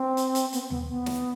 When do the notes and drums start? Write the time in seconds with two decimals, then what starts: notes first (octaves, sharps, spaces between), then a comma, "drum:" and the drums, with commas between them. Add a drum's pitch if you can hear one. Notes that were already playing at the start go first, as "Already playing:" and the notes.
Already playing: C4
0.17 drum: hi-hat
0.35 drum: hi-hat
0.53 B3, drum: hi-hat
0.62 C4
0.70 B3, drum: tom D#2
0.88 B3
1.06 drum: snare